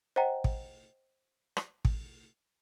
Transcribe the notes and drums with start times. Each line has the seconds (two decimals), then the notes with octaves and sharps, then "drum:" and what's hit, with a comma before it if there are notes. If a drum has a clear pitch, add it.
0.16 C5 D#5 F#5 G5 A#5
0.44 drum: kick
1.57 drum: rim click
1.85 drum: kick